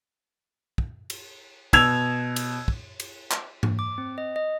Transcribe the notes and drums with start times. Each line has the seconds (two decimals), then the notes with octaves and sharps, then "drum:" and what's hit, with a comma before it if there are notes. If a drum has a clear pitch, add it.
0.78 drum: kick
1.10 drum: cymbal
1.73 B2 E6 G#6 F7, drum: kick, cymbal
2.36 drum: cymbal
2.68 drum: kick
3.00 drum: cymbal
3.31 drum: clap
3.63 drum: tom G#2
3.79 D6
3.98 C4
4.18 D#5
4.36 D#5